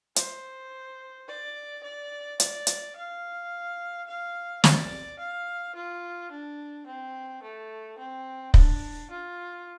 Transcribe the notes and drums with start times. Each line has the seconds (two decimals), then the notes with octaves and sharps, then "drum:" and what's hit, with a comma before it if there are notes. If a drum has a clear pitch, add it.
0.16 C5, drum: hi-hat
1.28 D5
1.83 D5
2.40 D5, drum: hi-hat
2.67 drum: hi-hat
2.96 F5
4.07 F5
4.64 D5, drum: snare
5.19 F5
5.75 F4
6.31 D4
6.86 C4
7.43 A3
7.98 C4
8.54 D4, drum: kick
9.10 F4